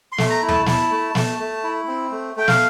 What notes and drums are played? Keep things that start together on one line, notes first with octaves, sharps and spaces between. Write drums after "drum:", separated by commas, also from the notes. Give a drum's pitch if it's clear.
C6
A3, drum: snare
A#5
E4
A5, drum: tom E2
E4 A5, drum: snare
A3
A3, drum: snare
A3
E4
C4
A3
A3 G5
F5, drum: snare